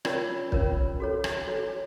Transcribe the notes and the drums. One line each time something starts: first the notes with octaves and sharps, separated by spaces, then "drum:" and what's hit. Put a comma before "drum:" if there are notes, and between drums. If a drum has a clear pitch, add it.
C#4 F4 A#4 C#5 D5, drum: rim click
C#4 F4 A#4 C#5, drum: kick
F#4 A4 C#5
drum: rim click
F#4 A4 C#5